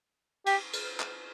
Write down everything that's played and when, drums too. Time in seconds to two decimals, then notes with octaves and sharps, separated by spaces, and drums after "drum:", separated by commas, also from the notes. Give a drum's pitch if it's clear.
0.46 G4, drum: cymbal
0.73 drum: cymbal
1.00 drum: clap